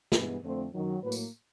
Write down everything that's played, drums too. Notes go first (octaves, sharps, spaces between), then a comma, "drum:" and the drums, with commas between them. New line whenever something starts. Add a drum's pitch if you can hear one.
G2 E3 G#3 B3 B4, drum: snare
F2 D3 F3 A3 C4 C5
F#2 D#3 F#3
A2 F#3 A#3 B4
drum: tambourine